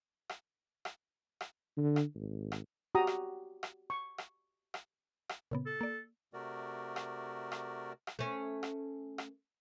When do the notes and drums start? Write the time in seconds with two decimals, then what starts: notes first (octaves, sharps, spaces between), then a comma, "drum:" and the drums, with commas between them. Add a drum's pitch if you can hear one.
0.29 drum: rim click
0.85 drum: rim click
1.41 drum: rim click
1.77 D3
1.96 drum: rim click
2.15 G#1
2.52 drum: rim click
2.95 F#4 G4 G5 A#5 D#6
3.07 drum: rim click
3.63 drum: rim click
3.90 C#6
4.18 drum: rim click
4.74 drum: rim click
5.29 drum: rim click
5.51 A#2 C#3 B3
5.66 A4
5.81 A#3 D5
6.33 C3 A3 F#4 A#4 D5
6.96 drum: rim click
7.52 drum: rim click
8.07 drum: rim click
8.19 A3 C#4
8.63 drum: rim click
9.18 drum: rim click